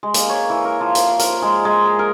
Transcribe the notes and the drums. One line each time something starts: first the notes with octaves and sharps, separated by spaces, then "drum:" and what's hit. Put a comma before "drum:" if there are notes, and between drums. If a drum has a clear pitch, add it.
G#3
A#3, drum: hi-hat
C#5
E3
A#4
F3
C5, drum: hi-hat
A#4, drum: hi-hat
G#3
G#3
G#4
A#4